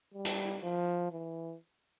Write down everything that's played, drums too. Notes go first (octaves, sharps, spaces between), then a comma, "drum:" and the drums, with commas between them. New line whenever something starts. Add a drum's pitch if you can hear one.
G3
drum: hi-hat
F3
E3